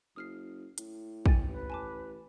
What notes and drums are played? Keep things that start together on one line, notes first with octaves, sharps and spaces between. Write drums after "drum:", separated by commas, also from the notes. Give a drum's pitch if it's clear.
F#1 D#6 F6 C7
A2, drum: hi-hat
G5 G#5 A6, drum: kick
A1 B4
G#5 A5 D6